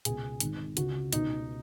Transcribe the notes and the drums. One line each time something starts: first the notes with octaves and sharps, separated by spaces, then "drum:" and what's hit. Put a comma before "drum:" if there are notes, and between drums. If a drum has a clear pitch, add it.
C#2 B2 G#4, drum: hi-hat
G#1 G#2 D#3, drum: hi-hat
C#2 C#3 F#4, drum: hi-hat
C#2 B2 D#4, drum: hi-hat